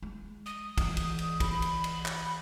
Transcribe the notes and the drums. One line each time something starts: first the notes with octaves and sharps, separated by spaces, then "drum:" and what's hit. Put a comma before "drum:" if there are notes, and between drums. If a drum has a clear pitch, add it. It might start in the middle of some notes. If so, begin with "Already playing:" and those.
G#3
D#6
E3, drum: kick, cymbal
drum: cymbal
drum: cymbal
B5, drum: kick, cymbal
drum: cymbal
drum: cymbal
drum: clap